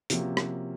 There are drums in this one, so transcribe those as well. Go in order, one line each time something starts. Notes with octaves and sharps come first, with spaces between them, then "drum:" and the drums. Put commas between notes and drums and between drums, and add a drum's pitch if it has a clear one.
C3 F3 A#3 C#4 F#4, drum: hi-hat
drum: rim click